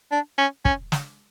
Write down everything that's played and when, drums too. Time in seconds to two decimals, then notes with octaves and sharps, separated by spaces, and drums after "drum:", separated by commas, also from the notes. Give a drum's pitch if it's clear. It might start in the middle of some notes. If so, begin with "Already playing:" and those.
0.12 D4
0.38 C#4
0.65 C#4, drum: kick
0.92 drum: snare